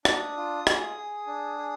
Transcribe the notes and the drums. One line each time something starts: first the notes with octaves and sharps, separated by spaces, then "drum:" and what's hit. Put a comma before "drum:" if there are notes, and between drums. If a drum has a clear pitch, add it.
D4 D#6, drum: rim click
F4
G#4, drum: rim click
G#4
D4
G#4